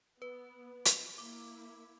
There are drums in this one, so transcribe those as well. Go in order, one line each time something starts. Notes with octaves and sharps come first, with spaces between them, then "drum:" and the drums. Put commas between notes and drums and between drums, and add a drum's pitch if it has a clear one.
B3 B4
drum: hi-hat
A#3 E4 D6